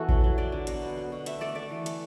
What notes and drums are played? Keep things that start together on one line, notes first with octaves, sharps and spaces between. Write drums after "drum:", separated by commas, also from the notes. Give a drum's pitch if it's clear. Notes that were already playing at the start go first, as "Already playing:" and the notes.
Already playing: E3 B3 F#4 A4
F#3, drum: kick A1
F#3
F#3 D5
D3
B2, drum: hi-hat
B3
B3
B2
A3 E5, drum: hi-hat
A3 D5
A3 D5
E3
A3, drum: hi-hat